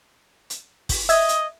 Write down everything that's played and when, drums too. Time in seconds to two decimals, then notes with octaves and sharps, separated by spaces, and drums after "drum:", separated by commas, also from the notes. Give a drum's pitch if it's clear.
0.50 drum: hi-hat
0.89 drum: kick, open hi-hat
1.09 D#5 E5 G#6, drum: hi-hat
1.29 drum: hi-hat